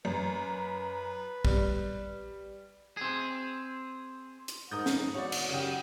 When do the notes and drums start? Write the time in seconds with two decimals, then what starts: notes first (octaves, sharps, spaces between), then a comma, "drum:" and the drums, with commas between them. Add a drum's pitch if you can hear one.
0.05 F#2 B4
1.45 G3, drum: kick
2.97 C4 G#4
4.48 drum: hi-hat
4.71 G#2 A#4 F#5 D#6 G6
4.86 drum: snare
5.14 E1 F#4 C#5 D5
5.32 drum: cymbal
5.49 F#2 C#3 G4